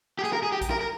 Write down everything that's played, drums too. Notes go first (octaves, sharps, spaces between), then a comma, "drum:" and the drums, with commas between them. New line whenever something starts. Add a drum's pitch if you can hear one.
G4
G#4, drum: snare
A#4
G#4
G4
drum: kick A#1, hi-hat
A#4
A#4